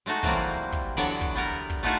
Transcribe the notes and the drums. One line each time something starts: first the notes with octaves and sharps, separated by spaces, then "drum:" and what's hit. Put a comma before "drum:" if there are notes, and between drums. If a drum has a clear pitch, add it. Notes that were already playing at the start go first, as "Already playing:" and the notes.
G#3 A3 D#4 F#4
C3 E3 F#3 G3 A#3 C4, drum: kick, hi-hat
drum: kick, hi-hat
D3 E3 F#3 B3 C#5 D5, drum: hi-hat
drum: kick, hi-hat
G3 B3 A#4
drum: kick, hi-hat
A3 B3 D#4 F4 F#4 G#4